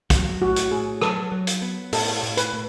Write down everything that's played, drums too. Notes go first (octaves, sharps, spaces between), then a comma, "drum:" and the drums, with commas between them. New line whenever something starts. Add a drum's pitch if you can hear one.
F#3, drum: kick, hi-hat
A2 F#4
drum: hi-hat
A2 G#4
F#3 A4, drum: rim click
F#3
drum: hi-hat
B3
A2 A4, drum: open hi-hat
A2
B4, drum: hi-hat
A2